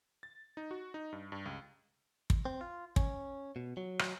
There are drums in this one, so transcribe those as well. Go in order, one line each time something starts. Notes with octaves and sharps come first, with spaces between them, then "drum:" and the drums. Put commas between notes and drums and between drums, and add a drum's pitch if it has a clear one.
A6
D#4
F#4
D#4
G2
G2
C#2
drum: kick
C4
F4
C#4, drum: kick
B2
F#3
drum: rim click